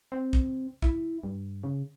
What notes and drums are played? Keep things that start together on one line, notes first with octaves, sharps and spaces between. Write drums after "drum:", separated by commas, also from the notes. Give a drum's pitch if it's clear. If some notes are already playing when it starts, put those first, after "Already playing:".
C4
drum: kick
E4, drum: kick
G2
C#3